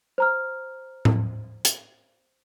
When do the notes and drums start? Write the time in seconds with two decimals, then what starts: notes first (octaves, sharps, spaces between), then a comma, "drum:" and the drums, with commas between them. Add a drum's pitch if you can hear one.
0.18 C5 A#5 F6
1.05 drum: tom A2
1.65 drum: hi-hat